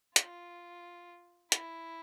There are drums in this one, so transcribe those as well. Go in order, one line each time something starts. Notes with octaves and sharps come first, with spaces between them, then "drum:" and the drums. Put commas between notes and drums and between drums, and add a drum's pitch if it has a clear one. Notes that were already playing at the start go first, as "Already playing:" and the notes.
F4, drum: hi-hat
E4, drum: hi-hat